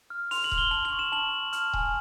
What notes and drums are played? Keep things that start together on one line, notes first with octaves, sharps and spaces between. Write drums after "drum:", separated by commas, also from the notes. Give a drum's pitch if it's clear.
F6
C6 F7, drum: open hi-hat
F#7
F6, drum: kick D#1
G7
A5 F#7
F#7
C#6
E7
A5 F#7
A5
F6, drum: hi-hat
G#5, drum: kick D#1